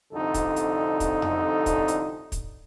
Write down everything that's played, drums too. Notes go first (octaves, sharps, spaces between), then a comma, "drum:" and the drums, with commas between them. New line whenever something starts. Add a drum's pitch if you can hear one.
C2 F2 D3 D#4 A4
drum: kick, hi-hat
drum: hi-hat
drum: kick, hi-hat
drum: tom F2
drum: kick, hi-hat
drum: hi-hat
drum: kick, hi-hat